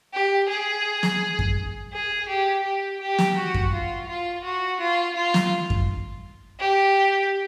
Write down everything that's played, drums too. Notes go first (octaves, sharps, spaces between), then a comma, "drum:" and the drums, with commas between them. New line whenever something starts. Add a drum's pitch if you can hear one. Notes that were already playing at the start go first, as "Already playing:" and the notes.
G4
G#4
drum: snare
drum: kick F#2
G#4
G4
G4
G4
drum: snare
F#4
drum: kick F#2
F4
F4
F#4
F4
F4
drum: snare
drum: kick F#2
G4